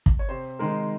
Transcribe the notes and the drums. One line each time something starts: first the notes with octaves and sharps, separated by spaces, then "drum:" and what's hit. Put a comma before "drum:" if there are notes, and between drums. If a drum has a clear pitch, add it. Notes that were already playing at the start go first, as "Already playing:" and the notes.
drum: kick
C#5
C3 C5
D#3 G#3 D#4 A#4